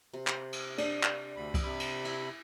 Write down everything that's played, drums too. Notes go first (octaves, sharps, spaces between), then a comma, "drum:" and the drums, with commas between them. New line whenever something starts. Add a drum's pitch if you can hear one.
C3
drum: clap
drum: cymbal
D4, drum: cymbal
drum: clap
D2 B5
drum: kick C2, cymbal
C3 B5
drum: cymbal
E4, drum: cymbal